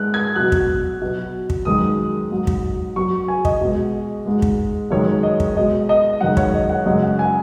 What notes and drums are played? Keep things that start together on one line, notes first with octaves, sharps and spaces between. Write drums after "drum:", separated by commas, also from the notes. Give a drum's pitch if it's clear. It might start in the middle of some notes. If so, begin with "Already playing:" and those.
Already playing: G#2 G#3 F#6
G#6
B2 F#3 F#6
drum: kick
B2 F#3
drum: kick
F#2 D#3 G#3 D#6
G#2 F#3
drum: kick
F#2 F#3 C#6
G#5
D#5, drum: kick
B2 G#3
G#2 G#3
drum: kick
F#2 D#3 G#3 C#5
D#5
drum: kick
B2 G#3 D#5
D#5
F#2 D#3 G#3 F#5
C#5, drum: kick
D#5
F#5
F#2 C#3 G#3 D#5
F#5
G#5